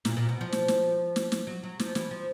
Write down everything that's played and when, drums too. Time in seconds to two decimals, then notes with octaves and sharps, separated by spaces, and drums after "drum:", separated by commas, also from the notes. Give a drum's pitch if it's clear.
0.05 A#2, drum: snare
0.17 A#2
0.29 B2
0.41 F3
0.52 drum: snare
0.68 drum: snare
1.16 drum: snare
1.32 drum: snare
1.47 F#3
1.63 F#3
1.79 F3, drum: snare
1.95 E3, drum: snare
2.11 F3